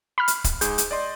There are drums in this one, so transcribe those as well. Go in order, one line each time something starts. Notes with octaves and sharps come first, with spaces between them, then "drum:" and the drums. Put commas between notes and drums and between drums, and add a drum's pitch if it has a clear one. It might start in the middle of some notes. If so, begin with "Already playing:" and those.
B5 F6
drum: hi-hat
drum: kick, hi-hat
G#2 G#4 G6, drum: hi-hat
drum: hi-hat
D5 D#5 C6